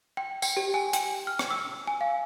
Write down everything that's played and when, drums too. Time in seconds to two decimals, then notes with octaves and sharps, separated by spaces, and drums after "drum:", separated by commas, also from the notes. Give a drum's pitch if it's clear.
0.17 G5
0.42 G5, drum: tambourine
0.57 G4
0.74 G#5
0.93 G5, drum: hi-hat
1.27 F6
1.39 drum: rim click
1.50 E6
1.87 G#5
2.01 F5